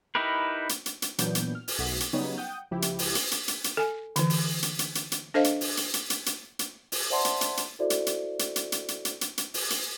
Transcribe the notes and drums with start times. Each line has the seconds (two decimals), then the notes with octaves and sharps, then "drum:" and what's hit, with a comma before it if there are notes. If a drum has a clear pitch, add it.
0.15 D#4 E4 G4 A#4 B4
0.69 drum: hi-hat
0.86 drum: hi-hat
1.02 drum: hi-hat
1.18 A#2 E3 F#3 B3 D4 G6, drum: hi-hat
1.35 drum: hi-hat
1.55 F6
1.68 drum: open hi-hat
1.79 B1 A3 F#4 B6
2.00 drum: hi-hat
2.13 C#3 F#3 G3 B3 D#4 C#5
2.38 F#5 G5 D#6 G6
2.71 C#2 F3 E4 G4
2.82 drum: hi-hat
2.99 drum: open hi-hat
3.15 drum: hi-hat
3.31 drum: hi-hat
3.48 drum: hi-hat
3.64 drum: hi-hat
3.77 A4 G#5
4.16 D3 E3, drum: hi-hat
4.30 drum: open hi-hat
4.62 drum: hi-hat
4.79 drum: hi-hat
4.95 drum: hi-hat
5.12 drum: hi-hat
5.34 D4 A4 C5 D#5 F5
5.44 drum: hi-hat
5.61 drum: open hi-hat
5.77 drum: hi-hat
5.94 drum: hi-hat
6.10 drum: hi-hat
6.26 drum: hi-hat
6.59 drum: hi-hat
6.92 drum: open hi-hat
7.10 C5 D5 E5 F#5 A5 C6
7.25 drum: hi-hat
7.41 drum: hi-hat
7.57 drum: hi-hat
7.79 E4 F#4 A4 C5 D5 E5
7.90 drum: hi-hat
8.07 drum: hi-hat
8.39 drum: hi-hat
8.56 drum: hi-hat
8.72 drum: hi-hat
8.88 drum: hi-hat
9.05 drum: hi-hat
9.21 drum: hi-hat
9.38 drum: hi-hat
9.54 drum: open hi-hat
9.70 drum: hi-hat